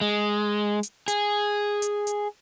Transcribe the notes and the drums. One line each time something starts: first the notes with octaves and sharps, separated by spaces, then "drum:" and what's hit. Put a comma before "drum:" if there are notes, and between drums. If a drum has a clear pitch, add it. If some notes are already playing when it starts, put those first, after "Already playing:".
G#3
drum: hi-hat
G#4, drum: hi-hat
drum: hi-hat
drum: hi-hat